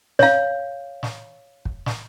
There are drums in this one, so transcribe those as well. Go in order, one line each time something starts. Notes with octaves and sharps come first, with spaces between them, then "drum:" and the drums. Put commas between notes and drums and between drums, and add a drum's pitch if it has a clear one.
C#5 F5, drum: snare
drum: snare
drum: kick
drum: snare